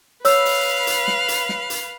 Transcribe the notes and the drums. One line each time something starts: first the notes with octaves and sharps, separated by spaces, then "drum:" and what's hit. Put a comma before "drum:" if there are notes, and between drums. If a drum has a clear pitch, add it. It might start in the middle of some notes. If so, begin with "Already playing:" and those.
B4 C#5 F5 B5 E6, drum: hi-hat
drum: open hi-hat
drum: hi-hat
drum: snare
drum: hi-hat
drum: snare
drum: hi-hat